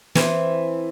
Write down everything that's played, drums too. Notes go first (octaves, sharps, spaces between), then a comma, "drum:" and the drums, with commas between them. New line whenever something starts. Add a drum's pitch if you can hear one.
E3 C4, drum: snare